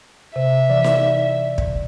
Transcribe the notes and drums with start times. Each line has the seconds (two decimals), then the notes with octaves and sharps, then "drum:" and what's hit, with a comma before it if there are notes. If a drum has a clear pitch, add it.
0.36 C3 E5
0.70 E3 D5
0.84 drum: snare D#4
1.58 drum: kick